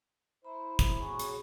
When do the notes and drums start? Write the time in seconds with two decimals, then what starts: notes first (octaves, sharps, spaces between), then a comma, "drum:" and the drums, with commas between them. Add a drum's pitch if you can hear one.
0.45 E4 C5 A#5 B5
0.79 drum: kick, hi-hat
0.99 F#4 G#4 C#5
1.19 drum: hi-hat